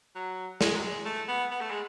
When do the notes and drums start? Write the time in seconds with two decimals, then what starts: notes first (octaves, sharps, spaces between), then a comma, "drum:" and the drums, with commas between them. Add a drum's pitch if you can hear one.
0.15 F#3
0.61 G#3, drum: snare
0.75 F#3
0.82 G#3
1.05 A3
1.28 B3
1.51 B3
1.61 A3
1.70 G#3